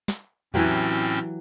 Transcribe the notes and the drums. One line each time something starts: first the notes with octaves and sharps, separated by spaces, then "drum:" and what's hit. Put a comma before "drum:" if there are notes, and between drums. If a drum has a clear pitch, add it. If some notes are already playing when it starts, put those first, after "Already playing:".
drum: snare
A2 E3 F#3 C4 C#4 G4, drum: tom E2